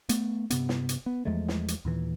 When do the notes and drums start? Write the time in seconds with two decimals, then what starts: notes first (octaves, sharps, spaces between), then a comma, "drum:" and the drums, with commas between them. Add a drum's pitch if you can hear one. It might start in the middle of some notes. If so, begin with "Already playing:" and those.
0.09 A3 B3, drum: hi-hat
0.50 G2 C3 B3, drum: hi-hat
0.69 drum: snare
0.89 drum: hi-hat
1.06 B3
1.25 E2 F3 G#3 A3
1.48 drum: snare
1.68 drum: hi-hat
1.85 D#2 A#2 E3